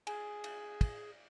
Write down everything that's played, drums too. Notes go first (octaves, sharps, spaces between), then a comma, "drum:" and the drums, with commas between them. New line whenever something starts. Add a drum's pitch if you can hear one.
G#4 G#5, drum: cymbal
drum: cymbal
drum: kick, cymbal